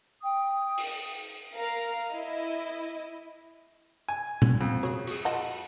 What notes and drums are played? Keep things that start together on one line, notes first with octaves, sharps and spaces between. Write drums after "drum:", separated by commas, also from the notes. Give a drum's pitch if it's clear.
G5 D#6
drum: open hi-hat
A#4 F5 A#5
E4 D#5
G#5
drum: tom A#2
F2 C4
F#4 G#4 C#5
F#4 G#4, drum: open hi-hat
F4 D#5 F#5 A5